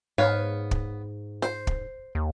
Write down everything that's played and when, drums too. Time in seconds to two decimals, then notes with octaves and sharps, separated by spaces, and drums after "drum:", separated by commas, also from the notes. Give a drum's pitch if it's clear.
0.18 G#2 B3 C#5 F5
0.71 drum: kick
1.42 C5, drum: snare
1.67 drum: kick
2.15 D#2